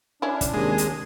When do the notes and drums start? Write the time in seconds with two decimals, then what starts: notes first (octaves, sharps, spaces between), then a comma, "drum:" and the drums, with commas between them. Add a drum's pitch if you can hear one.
0.22 C#4 D4 E4
0.41 drum: kick, hi-hat
0.54 D#2 C3 G#3
0.78 drum: hi-hat